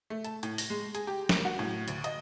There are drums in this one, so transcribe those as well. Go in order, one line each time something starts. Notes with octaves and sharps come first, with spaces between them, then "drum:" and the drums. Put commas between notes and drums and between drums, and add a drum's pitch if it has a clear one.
A3
A5, drum: hi-hat
A2, drum: hi-hat
A#6, drum: open hi-hat
G#3
G#4, drum: hi-hat
G4
A#3, drum: snare
F#4
A2
D2, drum: hi-hat
D#5, drum: hi-hat